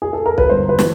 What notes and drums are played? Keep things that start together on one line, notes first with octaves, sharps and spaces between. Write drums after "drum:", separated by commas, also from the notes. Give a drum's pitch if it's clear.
G#4
A4
A#4
B4, drum: kick B1
G1 C5
B4
E3, drum: snare